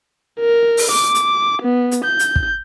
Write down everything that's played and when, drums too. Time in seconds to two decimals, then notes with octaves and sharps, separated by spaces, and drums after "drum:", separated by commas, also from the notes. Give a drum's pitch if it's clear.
0.40 A#4
0.77 drum: open hi-hat
0.92 D6
1.15 drum: hi-hat
1.62 B3
1.91 drum: hi-hat
2.04 G6
2.19 drum: hi-hat
2.36 drum: kick